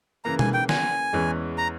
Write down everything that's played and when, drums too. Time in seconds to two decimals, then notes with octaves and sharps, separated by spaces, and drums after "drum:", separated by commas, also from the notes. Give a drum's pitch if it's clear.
0.24 C#3 E3 A#3 A#5
0.39 G#5, drum: tom
0.54 G5
0.69 G#5, drum: snare
1.13 E2 E3 G#3 C#4
1.58 A#5